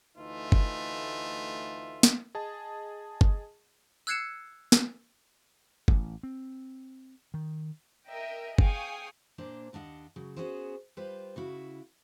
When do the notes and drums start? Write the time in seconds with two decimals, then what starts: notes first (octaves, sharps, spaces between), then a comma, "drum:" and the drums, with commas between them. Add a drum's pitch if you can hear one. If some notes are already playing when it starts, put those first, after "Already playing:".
0.16 D2 E3 A3 D#4 F4 E5
0.52 drum: kick G1
2.03 drum: snare
2.35 G#4 D#5 A5
3.21 drum: kick G1
4.07 E6 F#6 G#6 C7 C#7 E7
4.72 drum: snare
5.88 A1, drum: kick G1
6.23 C4
7.34 D#3
8.08 A#4 D#5 E5 G5
8.58 G#4 F5 G5 G#5 C#6 D#6, drum: kick G1
9.38 A#2 A#3 D4 C5
9.73 D#2 D4 D#5 F5 F#5
10.16 C#3 F#3
10.36 B3 C#4 F#4 G#4 A#4 C5
10.97 G3 F4 B4 C5
11.36 C#3 E4 F#4